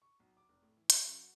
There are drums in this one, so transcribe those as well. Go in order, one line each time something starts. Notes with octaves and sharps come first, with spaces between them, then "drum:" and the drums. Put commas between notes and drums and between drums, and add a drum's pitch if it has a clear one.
C#6
B1
D6
F1
A2
E3
F#5, drum: hi-hat
F#2
F#4